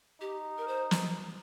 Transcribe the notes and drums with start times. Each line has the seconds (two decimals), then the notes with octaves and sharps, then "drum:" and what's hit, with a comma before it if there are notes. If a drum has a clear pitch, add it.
0.21 D#4 G4
0.58 A#4
0.68 C5
0.91 drum: snare